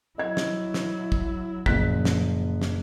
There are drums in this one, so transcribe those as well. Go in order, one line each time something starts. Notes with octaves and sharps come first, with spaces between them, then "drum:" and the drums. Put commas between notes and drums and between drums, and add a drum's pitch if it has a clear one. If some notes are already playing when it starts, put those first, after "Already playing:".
F#3 E4 D#5 G#6
drum: snare
drum: snare
drum: kick
F#1 A#2 F3 F#6 B6, drum: kick
drum: snare
drum: snare